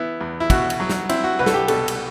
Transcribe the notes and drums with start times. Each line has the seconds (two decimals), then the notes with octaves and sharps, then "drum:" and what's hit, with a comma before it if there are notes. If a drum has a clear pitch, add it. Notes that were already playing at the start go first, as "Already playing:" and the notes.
Already playing: E3 B3 E4
0.21 E2
0.40 E4
0.50 B2 F#4, drum: kick, cymbal
0.70 drum: cymbal
0.80 F#3
0.90 drum: snare
1.09 C4 E4, drum: cymbal
1.24 F#4
1.39 C2 B4
1.46 A4, drum: snare
1.54 G4
1.68 B2 A4, drum: cymbal
1.88 drum: cymbal